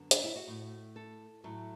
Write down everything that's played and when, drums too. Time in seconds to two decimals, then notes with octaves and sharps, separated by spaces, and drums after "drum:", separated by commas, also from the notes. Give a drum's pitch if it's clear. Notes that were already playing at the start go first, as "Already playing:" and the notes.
Already playing: F#2 D3 B3
0.11 D4, drum: hi-hat
0.24 E4
0.36 F#4
0.47 A2 A3
0.96 A4
1.44 A2 F#3 A3